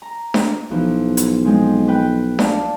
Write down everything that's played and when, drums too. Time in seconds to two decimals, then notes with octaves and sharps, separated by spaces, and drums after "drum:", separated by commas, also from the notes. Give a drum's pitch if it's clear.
0.02 A#5
0.34 drum: snare D4
0.71 B1 E3 F3
1.17 drum: hi-hat
1.45 F3 G#3 C4
1.88 B4 G5 F#6
2.39 D5 F5 A5, drum: snare D4